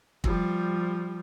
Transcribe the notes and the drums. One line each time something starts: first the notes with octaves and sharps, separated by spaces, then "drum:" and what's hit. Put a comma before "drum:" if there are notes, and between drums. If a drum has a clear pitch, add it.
F3 G3, drum: kick